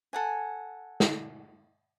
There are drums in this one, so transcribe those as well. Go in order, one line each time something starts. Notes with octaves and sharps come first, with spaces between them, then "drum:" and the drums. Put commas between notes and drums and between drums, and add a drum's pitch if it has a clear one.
A4 F#5 G#5
drum: snare